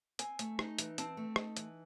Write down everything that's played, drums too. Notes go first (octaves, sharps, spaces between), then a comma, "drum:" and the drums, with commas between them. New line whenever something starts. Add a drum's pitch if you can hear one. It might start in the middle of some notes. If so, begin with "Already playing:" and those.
C4 G#5, drum: hi-hat
A3, drum: hi-hat
D#4, drum: rim click
E3, drum: hi-hat
C4 A5, drum: hi-hat
A3
D#4, drum: rim click
E3, drum: hi-hat